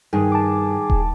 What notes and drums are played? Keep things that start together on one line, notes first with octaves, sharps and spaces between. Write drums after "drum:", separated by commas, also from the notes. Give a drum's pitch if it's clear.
G2 D#3 G#4
A5 D6
drum: kick D#1